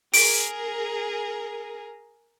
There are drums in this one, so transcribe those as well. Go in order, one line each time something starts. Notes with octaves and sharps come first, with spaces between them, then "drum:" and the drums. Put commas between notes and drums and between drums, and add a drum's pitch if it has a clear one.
G#4 A#4 D7, drum: open hi-hat